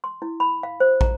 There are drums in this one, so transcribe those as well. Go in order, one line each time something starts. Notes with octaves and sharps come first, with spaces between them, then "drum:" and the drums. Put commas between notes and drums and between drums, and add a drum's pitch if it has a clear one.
C6
E4
B5
F5
C5
A#5, drum: kick